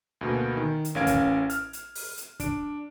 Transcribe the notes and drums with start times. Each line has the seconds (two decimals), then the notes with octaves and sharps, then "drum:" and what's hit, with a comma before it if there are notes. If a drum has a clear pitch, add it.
0.21 D2 B2 A#3
0.57 D#3
0.85 drum: hi-hat
0.95 A1 C#4 A#4 F5 G#6 D7
1.07 drum: kick, hi-hat
1.50 F6, drum: hi-hat
1.73 drum: hi-hat
1.95 drum: open hi-hat
2.17 drum: hi-hat
2.40 D4 D7, drum: kick, hi-hat